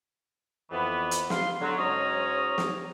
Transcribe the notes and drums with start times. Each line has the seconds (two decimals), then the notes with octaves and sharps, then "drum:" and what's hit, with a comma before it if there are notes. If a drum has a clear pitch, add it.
0.71 F2 E3 B3
1.11 drum: hi-hat
1.30 F5 C6, drum: snare
1.60 D3 F#3
1.78 G#2 F#3 G#3 C#4 A#5 D#6
2.58 drum: snare